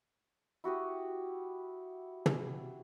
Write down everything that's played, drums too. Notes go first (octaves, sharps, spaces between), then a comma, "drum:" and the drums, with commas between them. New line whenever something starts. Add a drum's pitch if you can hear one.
E4 F#4 G4 D#6
drum: tom